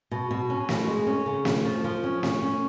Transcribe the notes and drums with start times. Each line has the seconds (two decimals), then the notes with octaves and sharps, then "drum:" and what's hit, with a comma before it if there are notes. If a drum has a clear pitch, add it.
0.11 B2
0.31 B2
0.50 C#4
0.69 B2, drum: snare
0.88 G#3
1.07 C#4
1.26 C#3
1.45 C#4, drum: snare
1.65 F3
1.84 F3
2.04 C#4
2.23 C#4, drum: snare
2.42 C#4